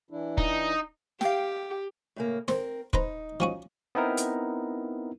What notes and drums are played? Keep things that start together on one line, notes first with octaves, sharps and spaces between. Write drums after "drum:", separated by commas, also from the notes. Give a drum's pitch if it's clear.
E3 D4 E4
D#4, drum: kick
G4 F5 G5, drum: snare
A2 C#3 A#3
C4 A#4 C5, drum: snare
D#4 B4 C5 A#5, drum: kick
F3 C#4 F#4
B3 C4 D#4 E4 A#4
drum: hi-hat